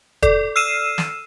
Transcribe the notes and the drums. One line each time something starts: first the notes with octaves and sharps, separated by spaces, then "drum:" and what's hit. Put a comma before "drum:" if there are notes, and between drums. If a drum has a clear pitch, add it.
A4 D5, drum: kick, hi-hat
E6 F6 C7 D#7 E7
drum: snare